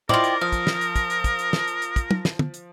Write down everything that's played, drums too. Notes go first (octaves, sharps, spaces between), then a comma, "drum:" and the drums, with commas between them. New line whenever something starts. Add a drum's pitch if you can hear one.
E4 F4 A#4 C5 D5 D#5 G5, drum: tom
drum: hi-hat
F3 F5 D#6
drum: kick, hi-hat
drum: snare
drum: hi-hat
drum: kick, hi-hat
drum: hi-hat
drum: kick, hi-hat
drum: hi-hat
drum: snare
drum: hi-hat
drum: hi-hat
drum: kick, hi-hat
drum: tom
drum: snare
drum: tom
drum: hi-hat